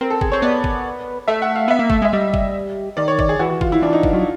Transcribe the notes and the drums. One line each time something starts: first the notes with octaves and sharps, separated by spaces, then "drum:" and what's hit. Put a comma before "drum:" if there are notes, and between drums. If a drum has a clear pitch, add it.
C4 A#4
A4
G#4, drum: kick G#1
C4 C#5
B3 D5
drum: kick G#1
A3 E5
F#5
F5
B3 E5
A#3
A3, drum: kick G#1
G#3 E5
G3 D#5
drum: kick G#1
D#3 D5
C#5
D5, drum: kick G#1
G#4
E3 F#4
F#4
F4, drum: kick G#1
E4
E3 D4
D#4
drum: kick G#1
F#3 F4